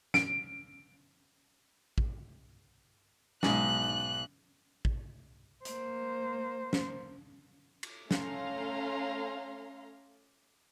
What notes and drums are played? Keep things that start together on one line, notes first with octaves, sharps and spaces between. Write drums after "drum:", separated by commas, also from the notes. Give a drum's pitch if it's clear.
D7, drum: snare
drum: kick A1
B1 G#2 F#6, drum: snare
drum: kick A1
A#3 C5, drum: hi-hat
drum: snare
drum: cymbal
A3 C#4 F5 A#5 C6, drum: snare